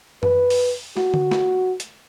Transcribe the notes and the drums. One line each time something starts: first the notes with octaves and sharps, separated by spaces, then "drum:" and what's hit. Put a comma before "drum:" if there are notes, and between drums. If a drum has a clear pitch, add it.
B4, drum: tom F#2
drum: open hi-hat
F#4, drum: snare
drum: tom D3
drum: snare
drum: hi-hat